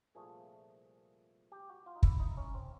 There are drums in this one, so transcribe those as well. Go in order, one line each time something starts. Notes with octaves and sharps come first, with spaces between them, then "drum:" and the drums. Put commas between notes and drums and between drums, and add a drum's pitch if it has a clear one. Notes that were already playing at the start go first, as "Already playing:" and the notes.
C2 A#2 F3 A3 G#4
G4
F#4
F4
D#4
E4, drum: kick
D#4
C#4
C4